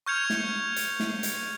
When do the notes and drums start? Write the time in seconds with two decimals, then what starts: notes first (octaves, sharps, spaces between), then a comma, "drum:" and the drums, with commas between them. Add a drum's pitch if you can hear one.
0.06 C#6 F6 G6 G#6 C#7 F7
0.30 drum: snare
0.76 drum: hi-hat
1.00 drum: snare
1.23 drum: hi-hat